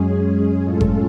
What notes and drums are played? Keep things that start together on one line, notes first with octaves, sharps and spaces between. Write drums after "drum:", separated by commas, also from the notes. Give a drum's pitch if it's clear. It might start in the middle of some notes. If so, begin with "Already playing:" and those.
Already playing: F#2 G#3 C#4 G#4
A2 G#3 C#4 F4 A4
drum: kick G1